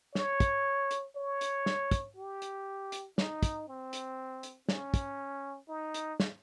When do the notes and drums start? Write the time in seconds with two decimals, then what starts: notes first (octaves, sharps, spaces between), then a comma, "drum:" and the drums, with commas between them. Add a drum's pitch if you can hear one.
0.15 C#5, drum: snare
0.40 drum: kick, hi-hat
0.91 drum: hi-hat
1.17 C#5
1.41 drum: hi-hat
1.66 drum: snare
1.91 drum: kick, hi-hat
2.17 G4
2.42 drum: hi-hat
2.92 drum: hi-hat
3.18 D#4, drum: snare
3.43 drum: kick, hi-hat
3.68 C4
3.93 drum: hi-hat
4.43 drum: hi-hat
4.69 C#4, drum: snare
4.94 drum: kick, hi-hat
5.69 D#4
5.94 drum: hi-hat
6.20 drum: snare